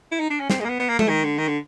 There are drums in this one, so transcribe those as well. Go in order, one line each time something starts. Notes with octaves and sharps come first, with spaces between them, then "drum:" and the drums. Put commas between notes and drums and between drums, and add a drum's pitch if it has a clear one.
E4
D#4
D4
C#4
C4, drum: snare
G#3
A#3
B3
B3
A#3
A3, drum: tom G#3
D#3
D3
D#3
D3